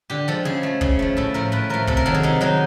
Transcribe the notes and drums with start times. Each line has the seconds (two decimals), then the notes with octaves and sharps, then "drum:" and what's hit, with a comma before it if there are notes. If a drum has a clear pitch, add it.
0.10 D3 G4
0.28 F3 G#3 A4
0.45 C#3 G#4
0.63 F3 A3
0.81 C#3 G#4, drum: kick
0.99 F3 A3
1.17 A2 A4
1.34 F3 A3 A#4
1.52 A2 B4
1.70 F3 A3 A#4
1.87 C3 A4, drum: kick
1.97 A#4
2.06 D#3 F#3 A4
2.15 G#4
2.23 C3 D#4
2.41 D#3 F#3 D#4